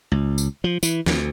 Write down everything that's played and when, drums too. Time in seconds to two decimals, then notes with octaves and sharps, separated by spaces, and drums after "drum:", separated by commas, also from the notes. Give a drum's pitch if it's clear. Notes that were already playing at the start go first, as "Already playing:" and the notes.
0.12 C#2
0.38 drum: tambourine
0.64 F3
0.83 E3, drum: tambourine
1.06 D2, drum: snare